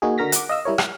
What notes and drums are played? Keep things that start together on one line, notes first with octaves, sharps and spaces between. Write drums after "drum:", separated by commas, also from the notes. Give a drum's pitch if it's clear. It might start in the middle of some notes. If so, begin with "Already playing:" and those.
A#3 D#4 F#4 G#4
D3 F#4 A#4 F6 A#6 B6
F#5 D6, drum: hi-hat
D#5 F5 E6
G3 E4 A#4 C#5
F6, drum: rim click